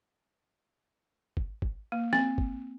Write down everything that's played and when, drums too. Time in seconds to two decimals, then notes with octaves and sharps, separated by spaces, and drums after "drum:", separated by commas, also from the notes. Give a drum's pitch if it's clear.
1.37 drum: kick
1.62 drum: kick
1.92 A#3
2.13 C4, drum: snare
2.38 drum: kick